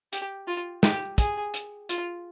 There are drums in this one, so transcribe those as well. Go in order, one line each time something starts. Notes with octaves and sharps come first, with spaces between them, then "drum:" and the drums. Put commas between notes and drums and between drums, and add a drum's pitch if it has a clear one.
G4, drum: hi-hat
F4
G4, drum: snare
G#4, drum: kick, hi-hat
drum: hi-hat
F4, drum: hi-hat